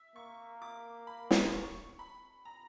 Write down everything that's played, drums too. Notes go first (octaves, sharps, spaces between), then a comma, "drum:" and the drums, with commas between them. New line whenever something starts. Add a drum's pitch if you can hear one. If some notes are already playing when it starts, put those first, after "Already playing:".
Already playing: E5
A#3 C#6
D6
B5
drum: snare
C#6
B5
A#5